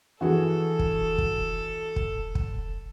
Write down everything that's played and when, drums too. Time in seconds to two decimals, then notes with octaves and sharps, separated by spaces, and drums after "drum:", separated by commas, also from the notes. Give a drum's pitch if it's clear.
0.21 E3 F#4 G#4 A4
0.79 drum: kick
1.18 drum: kick
1.96 drum: kick
2.35 drum: kick